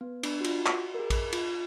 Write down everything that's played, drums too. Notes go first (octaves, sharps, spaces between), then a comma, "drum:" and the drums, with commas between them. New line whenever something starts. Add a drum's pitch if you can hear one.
B3
D4, drum: cymbal
F#4
F4, drum: cymbal
F#4, drum: clap
A#4
G#4
drum: kick, cymbal
F4, drum: cymbal